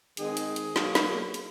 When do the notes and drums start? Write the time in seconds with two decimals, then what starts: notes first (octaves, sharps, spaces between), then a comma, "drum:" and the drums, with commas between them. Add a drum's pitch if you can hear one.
0.17 D#3 G#3 C4 D#4 G#4, drum: hi-hat
0.37 drum: hi-hat
0.56 drum: hi-hat
0.76 B2 F#3 A#3, drum: snare
0.95 drum: snare
1.34 drum: hi-hat